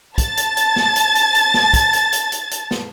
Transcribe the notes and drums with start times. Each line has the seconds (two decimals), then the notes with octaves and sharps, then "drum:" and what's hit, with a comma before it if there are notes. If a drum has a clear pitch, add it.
0.18 A5 A6, drum: kick, hi-hat
0.37 drum: hi-hat
0.57 drum: hi-hat
0.76 drum: snare
0.96 drum: hi-hat
1.15 drum: hi-hat
1.35 drum: hi-hat
1.54 drum: snare
1.74 drum: kick, hi-hat
1.93 drum: hi-hat
2.12 drum: hi-hat
2.32 drum: hi-hat
2.51 drum: hi-hat
2.71 drum: snare